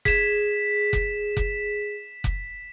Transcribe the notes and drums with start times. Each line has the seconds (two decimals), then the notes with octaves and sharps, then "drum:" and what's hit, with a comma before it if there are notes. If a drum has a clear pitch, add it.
0.05 G#4 B6 E7, drum: kick F1
0.93 drum: kick F1
1.37 drum: kick F1
2.24 drum: kick F1